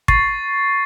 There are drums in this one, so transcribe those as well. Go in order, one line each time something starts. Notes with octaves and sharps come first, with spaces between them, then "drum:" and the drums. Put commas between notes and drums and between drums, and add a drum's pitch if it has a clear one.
C#6 A6 C7, drum: kick